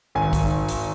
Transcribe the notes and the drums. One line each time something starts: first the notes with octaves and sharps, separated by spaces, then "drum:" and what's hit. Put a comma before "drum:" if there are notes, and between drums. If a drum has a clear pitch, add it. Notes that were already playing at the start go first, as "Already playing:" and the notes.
G#1 G#5
drum: kick, hi-hat
drum: hi-hat